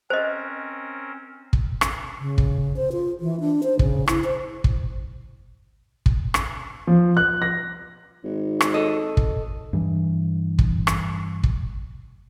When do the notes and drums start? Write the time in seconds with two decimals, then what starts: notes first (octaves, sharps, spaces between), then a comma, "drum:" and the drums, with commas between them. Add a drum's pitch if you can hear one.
0.10 C4 C#4 A#4 C5 D#5
1.53 drum: kick
1.81 drum: rim click
2.20 C#3
2.38 drum: kick
2.76 C5
2.92 F4
3.20 E3
3.40 D4
3.63 C5
3.79 C#3, drum: kick
4.08 E4, drum: rim click
4.24 C5
4.64 drum: kick
6.06 drum: kick
6.34 drum: rim click
6.87 F3
7.17 F#6
7.42 A#6
8.24 G#1
8.61 drum: rim click
8.74 A4 D#5
9.17 drum: kick
9.73 G2 E3
10.59 drum: kick
10.87 drum: rim click
11.44 drum: kick